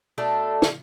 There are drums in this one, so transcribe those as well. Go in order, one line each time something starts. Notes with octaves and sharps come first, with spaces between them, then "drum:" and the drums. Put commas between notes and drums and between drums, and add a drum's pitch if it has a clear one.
B2 A3 D4 A4
drum: snare